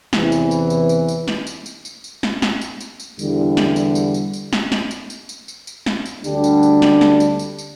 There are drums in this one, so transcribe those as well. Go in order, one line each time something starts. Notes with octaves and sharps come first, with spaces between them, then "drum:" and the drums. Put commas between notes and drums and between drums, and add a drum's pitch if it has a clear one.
E2 C3 E3, drum: snare
drum: tambourine
drum: tambourine
drum: tambourine
drum: tambourine
drum: tambourine
drum: snare
drum: tambourine
drum: tambourine
drum: tambourine
drum: tambourine
drum: snare
drum: snare
drum: tambourine
drum: tambourine
drum: tambourine
E2 D3 G3 E4, drum: tambourine
drum: snare
drum: tambourine
drum: tambourine
drum: tambourine
drum: tambourine
drum: snare
drum: snare
drum: tambourine
drum: tambourine
drum: tambourine
drum: tambourine
drum: tambourine
drum: snare
drum: tambourine
D2 D3 G3 D4 G4, drum: tambourine
drum: tambourine
drum: tambourine
drum: snare
drum: snare
drum: tambourine
drum: tambourine
drum: tambourine